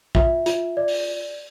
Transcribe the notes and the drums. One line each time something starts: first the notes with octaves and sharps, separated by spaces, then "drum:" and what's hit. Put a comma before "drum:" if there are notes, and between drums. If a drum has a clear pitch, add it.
F4 E5, drum: kick
F4, drum: hi-hat
D5
drum: open hi-hat